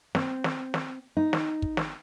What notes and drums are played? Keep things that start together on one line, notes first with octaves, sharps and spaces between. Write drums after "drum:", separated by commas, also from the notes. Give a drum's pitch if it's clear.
C4, drum: snare
drum: snare
drum: snare
D#4
drum: snare
drum: kick
drum: snare